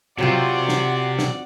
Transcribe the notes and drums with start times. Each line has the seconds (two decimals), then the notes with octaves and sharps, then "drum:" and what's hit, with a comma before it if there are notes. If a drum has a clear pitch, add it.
0.19 C3 F#3 C4 F4 D5 F#5
0.69 drum: snare
1.19 drum: snare